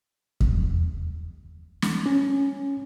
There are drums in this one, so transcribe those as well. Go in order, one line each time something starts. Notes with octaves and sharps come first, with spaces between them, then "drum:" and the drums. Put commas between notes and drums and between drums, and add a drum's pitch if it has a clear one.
drum: kick E2
drum: snare
C#4